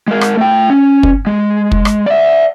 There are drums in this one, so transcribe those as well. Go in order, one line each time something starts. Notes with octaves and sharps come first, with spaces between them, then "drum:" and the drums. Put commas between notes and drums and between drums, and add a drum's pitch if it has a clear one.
G#3 A#4
drum: rim click
A3 G5
C#4
drum: kick
G#3
drum: kick
drum: rim click
D5 E5